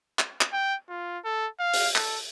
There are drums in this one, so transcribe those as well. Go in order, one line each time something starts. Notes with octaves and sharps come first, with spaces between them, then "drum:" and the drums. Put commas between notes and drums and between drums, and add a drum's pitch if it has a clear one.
drum: clap
drum: clap
G5
F4
A4
F5
drum: open hi-hat
A4, drum: clap